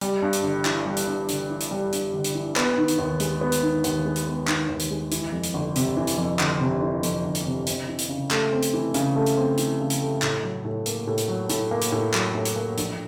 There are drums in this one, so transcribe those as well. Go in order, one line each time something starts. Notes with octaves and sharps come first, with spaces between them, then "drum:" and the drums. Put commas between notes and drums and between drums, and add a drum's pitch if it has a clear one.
G3, drum: hi-hat
G2
drum: hi-hat
G1
E3, drum: clap
G3
drum: hi-hat
G2
G1, drum: hi-hat
E3
drum: hi-hat
G3
G2, drum: hi-hat
G1
drum: hi-hat
E3
B3, drum: clap
D#3
drum: hi-hat
D#2
G#3, drum: hi-hat
B3
drum: hi-hat
D#3
D#2, drum: hi-hat
G#3
drum: hi-hat
B3
D#3, drum: clap
D#2
drum: hi-hat
G#3
E3, drum: hi-hat
F2
drum: hi-hat
G1
C3, drum: hi-hat
E3
drum: hi-hat
F2
G1, drum: clap
C3
E3
F2, drum: hi-hat
G1
drum: hi-hat
C3
C4, drum: hi-hat
E3
drum: hi-hat
C#3
A3, drum: clap
C4
drum: hi-hat
E3
C#3, drum: hi-hat
A3
drum: hi-hat
C4
E3, drum: hi-hat
C#3
drum: hi-hat
A3
A2, drum: clap
F#3
A2
A#3, drum: hi-hat
A2
drum: hi-hat
F#3
A2, drum: hi-hat
A#3
drum: hi-hat
A2
F#3, drum: clap
A2
drum: hi-hat
A#3
A#1, drum: hi-hat